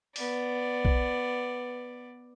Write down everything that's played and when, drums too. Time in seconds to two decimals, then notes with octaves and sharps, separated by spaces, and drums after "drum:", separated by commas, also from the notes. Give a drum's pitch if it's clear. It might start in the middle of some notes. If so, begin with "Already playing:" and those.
0.16 B3 D5, drum: open hi-hat
0.85 drum: kick